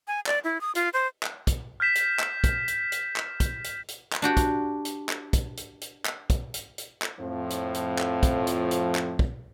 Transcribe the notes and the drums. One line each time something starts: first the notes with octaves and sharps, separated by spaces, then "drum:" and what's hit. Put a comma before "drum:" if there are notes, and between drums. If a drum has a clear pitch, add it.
G#5
D5, drum: clap
E4
D#6
F4, drum: hi-hat
C5
drum: clap
drum: kick, hi-hat
F6 G6 B6 E7
drum: hi-hat
drum: clap
drum: kick, hi-hat
drum: hi-hat
drum: hi-hat
drum: clap
drum: kick, hi-hat
drum: hi-hat
drum: hi-hat
drum: clap
D4 F#4 G4
drum: kick, hi-hat
drum: hi-hat
drum: clap
drum: kick, hi-hat
drum: hi-hat
drum: hi-hat
drum: clap
drum: kick, hi-hat
drum: hi-hat
drum: hi-hat
drum: clap
F2 A2 F3
drum: hi-hat
drum: hi-hat
drum: clap
drum: kick, hi-hat
drum: hi-hat
drum: hi-hat
drum: clap
drum: kick